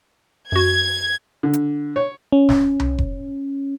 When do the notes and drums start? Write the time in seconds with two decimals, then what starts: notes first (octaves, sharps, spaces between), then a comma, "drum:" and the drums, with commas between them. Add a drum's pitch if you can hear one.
0.52 F#2 F#4 G#6
1.43 D3
1.53 drum: hi-hat
1.96 C#5
2.32 C#4
2.49 drum: snare
2.80 drum: tom C2
2.98 drum: kick F1